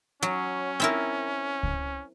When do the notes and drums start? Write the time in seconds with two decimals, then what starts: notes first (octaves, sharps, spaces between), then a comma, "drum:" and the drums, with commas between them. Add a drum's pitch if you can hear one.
0.23 F#3 C#4
0.80 C4 E4 A#4
1.63 drum: kick C#2